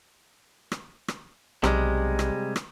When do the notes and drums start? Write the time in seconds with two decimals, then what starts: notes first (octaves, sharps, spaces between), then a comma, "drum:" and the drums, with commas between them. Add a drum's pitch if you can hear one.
0.72 drum: rim click
1.08 drum: rim click
1.64 B1 C3 G3 G#3, drum: rim click
2.19 drum: rim click
2.56 drum: rim click